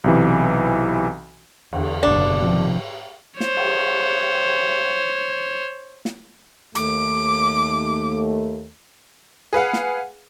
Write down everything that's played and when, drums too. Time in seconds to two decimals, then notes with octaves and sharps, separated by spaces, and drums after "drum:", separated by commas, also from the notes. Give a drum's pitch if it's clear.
0.04 B1 C3 E3
1.73 E2 D3, drum: cymbal
2.03 F#1 B2 D3 D4
2.42 C3 D#3 F3, drum: tom
3.40 C5 C#5, drum: snare
3.57 drum: cymbal
6.05 drum: snare
6.75 D#2 A3 D6, drum: hi-hat
9.53 G#4 B4 F5 F#5
9.73 drum: snare